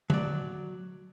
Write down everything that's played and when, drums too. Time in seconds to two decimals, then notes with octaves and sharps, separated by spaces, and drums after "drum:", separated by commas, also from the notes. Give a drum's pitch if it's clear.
0.10 F#3 D5, drum: tom D3